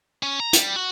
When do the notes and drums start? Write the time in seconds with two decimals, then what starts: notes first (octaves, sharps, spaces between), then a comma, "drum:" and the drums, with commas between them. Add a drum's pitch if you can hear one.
0.23 C#4
0.40 A#5
0.53 G3, drum: hi-hat
0.76 F#4